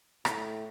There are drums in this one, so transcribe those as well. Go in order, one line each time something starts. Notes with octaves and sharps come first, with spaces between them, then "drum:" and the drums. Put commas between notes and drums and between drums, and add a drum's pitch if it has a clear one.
A2, drum: rim click